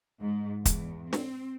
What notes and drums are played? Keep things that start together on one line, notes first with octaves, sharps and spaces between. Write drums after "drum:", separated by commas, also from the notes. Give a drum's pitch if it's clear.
G#2
E2, drum: kick, hi-hat
C4, drum: snare